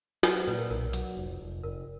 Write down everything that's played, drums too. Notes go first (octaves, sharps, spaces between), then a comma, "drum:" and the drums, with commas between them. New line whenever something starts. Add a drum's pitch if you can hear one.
F#3 B4, drum: snare
C5
A#2 B4
A#4
B1 A#4
F#3, drum: hi-hat
F1
F1
F1 A#4